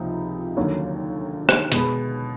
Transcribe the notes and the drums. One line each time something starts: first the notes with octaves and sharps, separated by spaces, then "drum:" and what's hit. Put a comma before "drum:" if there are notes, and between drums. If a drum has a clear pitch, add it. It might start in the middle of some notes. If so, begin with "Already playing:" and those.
Already playing: C#2 C3 F3 A#3 D#4
D#2 D3 F#3 A#3 C#4
drum: rim click
B2 G#3 B3, drum: hi-hat